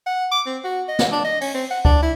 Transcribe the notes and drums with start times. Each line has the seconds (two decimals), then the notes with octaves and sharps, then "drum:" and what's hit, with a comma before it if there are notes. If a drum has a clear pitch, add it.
0.06 F#5
0.31 D6
0.46 C4
0.64 F#4
0.88 D#5
0.99 drum: snare
1.11 D4
1.24 D#5
1.41 C#4, drum: open hi-hat
1.54 C4
1.71 F#5
1.85 D4, drum: kick C#2
2.02 E4